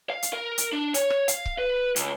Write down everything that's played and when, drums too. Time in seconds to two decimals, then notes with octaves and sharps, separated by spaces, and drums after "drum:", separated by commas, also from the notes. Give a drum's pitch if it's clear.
0.10 F5
0.23 drum: hi-hat
0.33 A#4
0.58 drum: hi-hat
0.73 D4
0.94 C#5, drum: hi-hat
1.10 drum: rim click
1.28 F5, drum: hi-hat
1.46 drum: kick C#1
1.58 B4
1.96 C#2, drum: hi-hat